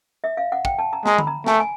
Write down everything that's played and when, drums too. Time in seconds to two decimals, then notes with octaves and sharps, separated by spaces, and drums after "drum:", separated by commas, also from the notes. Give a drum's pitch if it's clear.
0.24 E5
0.37 F5
0.52 F#5
0.65 G5, drum: kick
0.79 A5
0.93 A#5
1.06 G#3 A#5, drum: snare
1.18 B5, drum: tom D3
1.27 A#5
1.47 A3 G#5, drum: snare
1.60 G#5